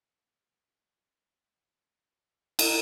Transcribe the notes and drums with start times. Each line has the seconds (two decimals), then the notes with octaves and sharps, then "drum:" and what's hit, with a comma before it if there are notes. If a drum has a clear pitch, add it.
0.05 C#4 E4 A4 B4 C#5
2.59 drum: cymbal